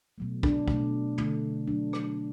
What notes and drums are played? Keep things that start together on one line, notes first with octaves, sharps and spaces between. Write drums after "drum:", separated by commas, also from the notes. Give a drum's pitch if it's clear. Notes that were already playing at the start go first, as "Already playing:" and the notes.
B2 F#3 A3
D4, drum: kick
B2 A3, drum: kick
D3 A3, drum: tom
B2 F#3 A3 D4
drum: rim click